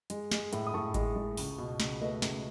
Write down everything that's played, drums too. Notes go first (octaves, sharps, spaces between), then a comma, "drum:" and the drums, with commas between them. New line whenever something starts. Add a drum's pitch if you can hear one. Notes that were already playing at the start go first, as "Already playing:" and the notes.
G#3, drum: hi-hat
G#3, drum: snare
A2, drum: hi-hat
D#6
A2 A5 C#6
G#3, drum: kick G#1, hi-hat
G#3
C#2, drum: open hi-hat
B2
C#2, drum: snare
A3 B4 D#5
C#2, drum: snare